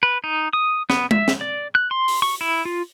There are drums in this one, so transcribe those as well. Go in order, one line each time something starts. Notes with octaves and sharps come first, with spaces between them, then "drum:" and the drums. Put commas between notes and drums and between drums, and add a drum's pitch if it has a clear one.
B4
D#4
D#6
B3, drum: snare
E5, drum: tom G#3
drum: snare
D5
F#6
C6
drum: open hi-hat
C#6
E4
F4